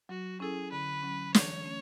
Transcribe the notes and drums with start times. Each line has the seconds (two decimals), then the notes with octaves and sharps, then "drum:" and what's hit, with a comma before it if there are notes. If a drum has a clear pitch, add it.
0.09 F#3 F#4
0.40 C#4 E4 G#4 A4
0.72 D3 B4
1.02 F#3 C#4
1.34 E3 C#5, drum: snare
1.64 A3 C#4